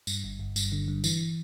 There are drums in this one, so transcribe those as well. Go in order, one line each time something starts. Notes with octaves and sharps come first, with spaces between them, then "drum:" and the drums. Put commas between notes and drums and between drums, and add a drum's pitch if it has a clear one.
G2, drum: tambourine
G1
G1
G2, drum: tambourine
D3
G2
E3, drum: tambourine